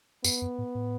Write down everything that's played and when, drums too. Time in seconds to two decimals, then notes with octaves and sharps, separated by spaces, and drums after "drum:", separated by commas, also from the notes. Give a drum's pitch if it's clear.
0.24 F#2 B3, drum: tambourine
0.42 F#2
0.58 A2
0.75 A2